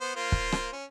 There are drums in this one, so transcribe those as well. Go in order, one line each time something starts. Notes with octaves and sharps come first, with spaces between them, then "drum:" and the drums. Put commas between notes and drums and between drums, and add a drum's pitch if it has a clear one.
B3 C5
A#3 F4 C5
drum: kick
drum: rim click
C#4